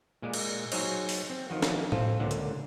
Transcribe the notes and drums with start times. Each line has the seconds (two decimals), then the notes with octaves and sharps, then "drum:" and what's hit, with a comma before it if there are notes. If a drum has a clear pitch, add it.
0.22 A#2 G#3 D5
0.33 drum: cymbal
0.72 F#3 D#4 G#4 C5 C#5 D#5, drum: cymbal
1.09 drum: open hi-hat
1.30 C4
1.50 D#3 F3 F#4
1.62 drum: snare
1.92 C4 F4 A4 C5, drum: tom A2
2.20 C#2 A#2 D3 F#5
2.31 drum: hi-hat